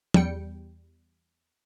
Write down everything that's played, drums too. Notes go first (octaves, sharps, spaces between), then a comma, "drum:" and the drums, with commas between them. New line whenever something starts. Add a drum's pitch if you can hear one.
E2 G3 G5 C#7, drum: tom